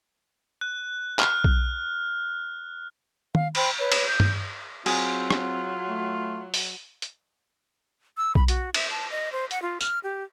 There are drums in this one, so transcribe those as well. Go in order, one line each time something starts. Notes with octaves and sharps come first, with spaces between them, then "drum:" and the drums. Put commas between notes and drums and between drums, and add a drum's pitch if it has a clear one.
F#6
F6, drum: clap
drum: kick B1
F5, drum: tom D#3
C5 G5 B5, drum: cymbal
B4 C#5
drum: cymbal
G6
drum: tom G2
F#3 C4 F4 G#4, drum: cymbal
drum: rim click
A3
drum: open hi-hat
drum: hi-hat
E6
B5, drum: kick B1
F#4, drum: hi-hat
E5, drum: cymbal
A5
D#5
C5
F#5, drum: hi-hat
F4
F6, drum: tambourine
G4